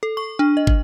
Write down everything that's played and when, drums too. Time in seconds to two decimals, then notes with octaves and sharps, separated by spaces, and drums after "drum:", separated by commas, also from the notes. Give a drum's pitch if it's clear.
0.03 A4
0.17 C#6
0.39 D4
0.57 D#5
0.67 drum: kick